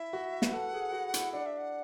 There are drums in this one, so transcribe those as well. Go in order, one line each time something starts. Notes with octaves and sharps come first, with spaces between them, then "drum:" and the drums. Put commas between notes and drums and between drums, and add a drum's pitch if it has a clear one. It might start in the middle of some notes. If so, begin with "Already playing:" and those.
Already playing: E4 E5
F#4
B4, drum: snare
A4 F#5
G#4
F#4
E4, drum: hi-hat
D4 F#5
E5
F#5